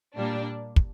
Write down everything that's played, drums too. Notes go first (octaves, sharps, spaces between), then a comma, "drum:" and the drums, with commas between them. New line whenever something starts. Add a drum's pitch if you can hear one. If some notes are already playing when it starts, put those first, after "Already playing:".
A#2 G3 A#3 D4
drum: kick